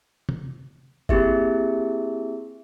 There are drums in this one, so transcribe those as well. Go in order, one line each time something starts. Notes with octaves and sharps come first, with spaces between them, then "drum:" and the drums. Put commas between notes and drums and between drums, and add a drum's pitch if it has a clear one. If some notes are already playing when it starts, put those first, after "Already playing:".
drum: tom
A#3 C4 E4 G4 G#4 E5, drum: kick F#1